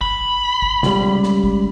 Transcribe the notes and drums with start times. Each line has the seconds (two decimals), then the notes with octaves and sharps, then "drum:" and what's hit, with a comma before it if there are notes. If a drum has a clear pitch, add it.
0.01 B5, drum: kick G#1
0.62 drum: kick G#1
0.83 C#2 G3, drum: snare
1.23 drum: snare
1.44 drum: kick G#1